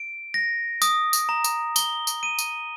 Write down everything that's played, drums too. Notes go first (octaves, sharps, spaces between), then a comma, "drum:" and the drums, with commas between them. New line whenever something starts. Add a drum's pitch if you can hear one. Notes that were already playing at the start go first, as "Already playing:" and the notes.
Already playing: D7
A#6
D#6, drum: tambourine
drum: tambourine
A#5
drum: tambourine
G7, drum: tambourine
drum: tambourine
D#7
drum: tambourine